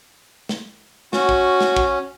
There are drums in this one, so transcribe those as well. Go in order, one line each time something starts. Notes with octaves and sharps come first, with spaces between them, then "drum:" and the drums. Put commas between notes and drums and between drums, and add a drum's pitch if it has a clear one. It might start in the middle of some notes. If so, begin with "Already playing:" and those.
drum: snare
C#4 F#4, drum: snare
drum: kick
drum: snare
drum: kick